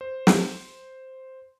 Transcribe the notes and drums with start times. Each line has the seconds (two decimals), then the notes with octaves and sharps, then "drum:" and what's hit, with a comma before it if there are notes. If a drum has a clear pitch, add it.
0.01 C5
0.27 drum: snare